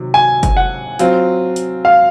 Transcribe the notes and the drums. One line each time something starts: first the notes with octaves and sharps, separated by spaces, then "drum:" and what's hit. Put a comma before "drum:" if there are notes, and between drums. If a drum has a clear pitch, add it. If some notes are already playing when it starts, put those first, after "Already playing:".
Already playing: C3 D#3 F#3
G#5
drum: kick, hi-hat
F#5
F#3 C4 F4, drum: hi-hat
drum: hi-hat
F5